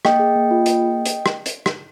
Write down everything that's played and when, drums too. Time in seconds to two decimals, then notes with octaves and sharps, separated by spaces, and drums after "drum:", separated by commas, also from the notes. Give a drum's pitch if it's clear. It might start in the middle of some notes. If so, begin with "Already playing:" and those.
0.05 A#3 D#5 G5, drum: rim click
0.19 G#4
0.36 A#3
0.51 F4
0.66 A#3, drum: hi-hat
0.80 G#4
1.05 drum: hi-hat
1.26 drum: rim click
1.46 drum: hi-hat
1.66 drum: rim click